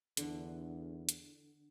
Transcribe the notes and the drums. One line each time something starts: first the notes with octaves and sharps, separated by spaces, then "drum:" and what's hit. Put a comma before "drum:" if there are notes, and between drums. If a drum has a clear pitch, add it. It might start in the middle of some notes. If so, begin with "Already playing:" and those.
E2 D3, drum: hi-hat
drum: hi-hat